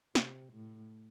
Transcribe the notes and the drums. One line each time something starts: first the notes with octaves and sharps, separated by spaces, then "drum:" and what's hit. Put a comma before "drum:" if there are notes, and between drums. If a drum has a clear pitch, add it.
C3, drum: snare
A2